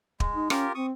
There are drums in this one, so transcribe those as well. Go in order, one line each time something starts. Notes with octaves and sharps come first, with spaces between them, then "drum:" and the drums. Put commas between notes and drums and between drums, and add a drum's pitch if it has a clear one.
G#3, drum: kick
D#4
C#4 F4 G4 A#4, drum: rim click
C4 C#6 D#6